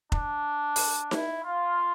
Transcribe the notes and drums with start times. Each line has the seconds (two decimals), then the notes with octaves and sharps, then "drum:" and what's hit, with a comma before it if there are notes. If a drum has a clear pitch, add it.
0.12 D4, drum: kick
0.76 drum: open hi-hat
1.11 E4, drum: snare D#4
1.44 F4